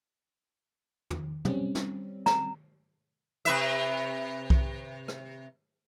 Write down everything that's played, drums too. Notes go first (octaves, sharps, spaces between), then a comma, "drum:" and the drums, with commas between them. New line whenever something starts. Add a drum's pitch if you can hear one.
drum: tom
G3 C4 C#4, drum: tom
drum: snare
A#5, drum: snare
C3 B4 E5, drum: hi-hat
drum: kick B1
drum: rim click